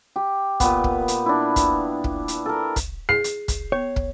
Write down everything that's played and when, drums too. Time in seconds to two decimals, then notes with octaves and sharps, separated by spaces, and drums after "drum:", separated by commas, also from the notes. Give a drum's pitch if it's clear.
0.16 G4
0.60 A#2 B3, drum: kick, hi-hat
0.84 drum: kick
1.08 drum: hi-hat
1.26 D4 E4
1.56 drum: kick, hi-hat
2.04 drum: kick
2.28 drum: hi-hat
2.46 A4 A#4
2.76 drum: kick, hi-hat
3.09 G#4 C7
3.24 drum: hi-hat
3.48 drum: kick, hi-hat
3.72 B3 C#5
3.96 drum: kick